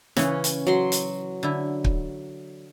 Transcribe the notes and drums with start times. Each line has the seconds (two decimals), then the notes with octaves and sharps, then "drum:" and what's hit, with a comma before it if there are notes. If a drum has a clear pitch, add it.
0.17 C#3 E3 C#4, drum: snare
0.44 drum: hi-hat
0.67 F#3 C6
0.92 drum: hi-hat
1.43 D3 E4
1.84 drum: kick